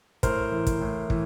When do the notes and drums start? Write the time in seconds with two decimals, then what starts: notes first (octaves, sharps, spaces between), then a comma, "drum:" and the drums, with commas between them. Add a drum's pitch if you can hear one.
0.23 A2 A#4 C5, drum: kick, hi-hat
0.51 E3
0.67 drum: kick, hi-hat
0.81 A2
1.10 E3, drum: kick